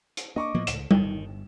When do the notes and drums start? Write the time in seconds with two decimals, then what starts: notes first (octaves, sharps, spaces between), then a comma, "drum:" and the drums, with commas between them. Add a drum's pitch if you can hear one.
0.17 drum: hi-hat
0.36 A#3 D4 D#5 C#6 D6
0.54 A2 F3 A#3 B3
0.67 C#2 E7, drum: hi-hat
0.91 G1 D#3, drum: tom G3